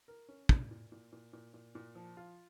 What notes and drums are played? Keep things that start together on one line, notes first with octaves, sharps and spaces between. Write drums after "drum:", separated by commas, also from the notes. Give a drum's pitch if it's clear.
A#4
C#4
A#2, drum: kick
A#2
A#2
A#2
A#2
A#2
A#2
F3
F4